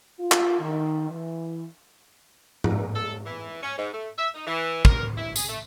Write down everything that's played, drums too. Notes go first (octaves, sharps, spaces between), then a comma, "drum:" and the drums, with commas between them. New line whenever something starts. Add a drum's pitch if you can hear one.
F4
drum: clap
D#3
E3
drum: tom G#2
A4
E3
C#4
G#2
A3
E5
D#4
E3
A#4, drum: kick
E4
G#4, drum: tambourine
A3